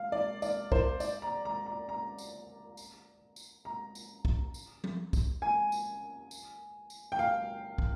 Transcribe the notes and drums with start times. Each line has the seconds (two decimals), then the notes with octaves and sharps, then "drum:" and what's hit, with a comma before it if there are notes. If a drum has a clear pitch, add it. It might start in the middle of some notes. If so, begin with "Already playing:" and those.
Already playing: F5
0.12 D5
0.42 D5, drum: tambourine
0.72 C5, drum: kick
1.00 D5, drum: tambourine
1.22 A#5
1.45 A#5
1.66 A#5
1.89 A#5
2.18 drum: tambourine
2.77 drum: tambourine
3.36 drum: tambourine
3.65 A#5
3.95 drum: tambourine
4.25 drum: kick
4.54 drum: tambourine
4.84 drum: tom F3
5.13 drum: kick, tambourine
5.42 G#5
5.72 drum: tambourine
6.31 drum: tambourine
6.90 drum: tambourine
7.12 G5
7.19 F5
7.78 drum: kick